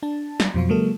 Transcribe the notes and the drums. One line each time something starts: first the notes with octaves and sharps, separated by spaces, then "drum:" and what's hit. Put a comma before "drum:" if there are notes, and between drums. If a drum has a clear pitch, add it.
D4 A5
drum: snare
F2 B2 F3 F#3 F4 C6
C#3 F#3 G#3 A#3 A4